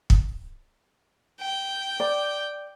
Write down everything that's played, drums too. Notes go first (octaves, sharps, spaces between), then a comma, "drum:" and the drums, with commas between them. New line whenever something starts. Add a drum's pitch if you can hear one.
drum: kick
G5
D5